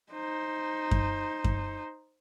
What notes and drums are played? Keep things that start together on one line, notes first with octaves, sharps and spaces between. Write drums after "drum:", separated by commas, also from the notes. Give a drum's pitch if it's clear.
D#4 C5
drum: kick F#2
drum: kick F#2